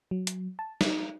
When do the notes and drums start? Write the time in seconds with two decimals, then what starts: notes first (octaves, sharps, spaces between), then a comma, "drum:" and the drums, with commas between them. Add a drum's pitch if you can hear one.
0.11 F#3
0.27 drum: hi-hat
0.59 A5
0.81 D#4, drum: snare